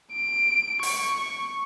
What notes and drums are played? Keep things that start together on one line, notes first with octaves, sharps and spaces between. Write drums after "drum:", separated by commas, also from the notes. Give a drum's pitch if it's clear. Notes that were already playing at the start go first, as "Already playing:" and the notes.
D7
C#6, drum: open hi-hat